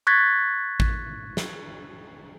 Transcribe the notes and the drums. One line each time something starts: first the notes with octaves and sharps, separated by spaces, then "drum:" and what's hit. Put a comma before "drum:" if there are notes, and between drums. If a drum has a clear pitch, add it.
C#6 F#6 G#6 A6 B6
drum: kick A1
drum: snare